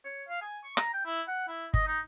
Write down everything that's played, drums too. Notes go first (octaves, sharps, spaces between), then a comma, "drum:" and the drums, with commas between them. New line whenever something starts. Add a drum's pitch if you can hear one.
C#5
F5
G#5
C#6
A#5, drum: rim click
G5
E4
F#5
E4
D#5, drum: kick G1
D#4